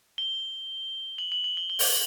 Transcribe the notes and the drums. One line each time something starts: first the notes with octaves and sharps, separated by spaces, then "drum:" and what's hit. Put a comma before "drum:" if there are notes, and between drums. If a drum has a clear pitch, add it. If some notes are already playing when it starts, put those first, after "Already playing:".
G7
F#7
F#7
F#7
G7
G7
drum: open hi-hat